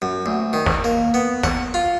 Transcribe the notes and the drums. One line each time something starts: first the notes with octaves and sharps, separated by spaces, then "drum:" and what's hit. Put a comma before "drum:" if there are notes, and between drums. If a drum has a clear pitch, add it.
F#2
D2
D#3
drum: snare
A#3
B3
F#5, drum: snare
F4